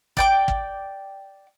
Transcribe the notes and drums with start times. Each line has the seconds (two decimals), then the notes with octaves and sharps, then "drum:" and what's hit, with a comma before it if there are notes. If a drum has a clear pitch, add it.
0.17 D5 G5 D6, drum: kick
0.48 drum: kick